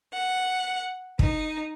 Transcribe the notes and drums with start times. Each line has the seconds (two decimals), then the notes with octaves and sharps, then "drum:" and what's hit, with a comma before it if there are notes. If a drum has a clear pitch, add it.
0.13 F#5
1.19 D#4, drum: kick